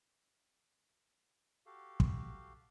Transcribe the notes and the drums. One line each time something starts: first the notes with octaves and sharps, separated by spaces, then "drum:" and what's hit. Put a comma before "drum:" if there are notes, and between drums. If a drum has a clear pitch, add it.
F#4 G4 A4 F5
drum: kick